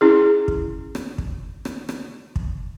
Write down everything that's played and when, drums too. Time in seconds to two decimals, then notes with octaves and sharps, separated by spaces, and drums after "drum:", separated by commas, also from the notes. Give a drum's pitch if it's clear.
0.01 C#4 E4 G#4
0.48 drum: kick
0.95 drum: rim click
1.18 drum: kick
1.65 drum: rim click
1.89 drum: rim click
2.36 drum: kick